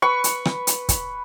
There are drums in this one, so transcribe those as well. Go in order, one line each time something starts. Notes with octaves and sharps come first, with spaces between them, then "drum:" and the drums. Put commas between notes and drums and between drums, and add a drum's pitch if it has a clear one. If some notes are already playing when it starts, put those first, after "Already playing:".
B4 B5 C#6
drum: hi-hat
drum: rim click
drum: hi-hat
drum: kick, hi-hat